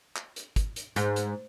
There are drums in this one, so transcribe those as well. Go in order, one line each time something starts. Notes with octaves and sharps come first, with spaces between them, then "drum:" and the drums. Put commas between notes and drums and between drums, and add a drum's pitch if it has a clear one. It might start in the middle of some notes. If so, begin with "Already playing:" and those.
drum: clap
drum: hi-hat
drum: kick, hi-hat
drum: hi-hat
G#2, drum: hi-hat
drum: hi-hat